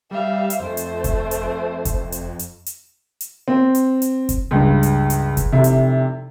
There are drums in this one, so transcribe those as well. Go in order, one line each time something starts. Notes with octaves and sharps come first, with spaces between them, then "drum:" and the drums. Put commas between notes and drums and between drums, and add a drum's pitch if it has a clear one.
G3 E5 F5
drum: hi-hat
F2 A3 C5
drum: hi-hat
drum: kick F1, hi-hat
drum: hi-hat
drum: kick F1, hi-hat
drum: hi-hat
drum: hi-hat
drum: hi-hat
drum: hi-hat
C4
drum: hi-hat
drum: hi-hat
drum: kick F1, hi-hat
C#2 G2
drum: hi-hat
drum: hi-hat
drum: kick F1, hi-hat
F1 C3 E4
drum: hi-hat